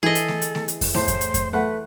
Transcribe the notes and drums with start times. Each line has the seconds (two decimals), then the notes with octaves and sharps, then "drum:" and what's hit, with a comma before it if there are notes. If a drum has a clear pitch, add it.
0.03 E3 E4 G#4 A4 D#5
0.15 drum: hi-hat
0.28 drum: snare A3
0.42 drum: hi-hat
0.55 drum: snare A3
0.68 drum: hi-hat
0.81 drum: kick F2, open hi-hat
0.94 A2 C5, drum: snare A3
1.08 drum: kick F2, hi-hat
1.21 drum: hi-hat
1.34 drum: kick F2, hi-hat
1.53 A3 B4 F#5